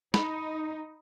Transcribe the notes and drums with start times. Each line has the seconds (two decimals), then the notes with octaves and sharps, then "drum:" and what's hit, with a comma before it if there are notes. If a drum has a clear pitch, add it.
0.14 D#4 B5, drum: snare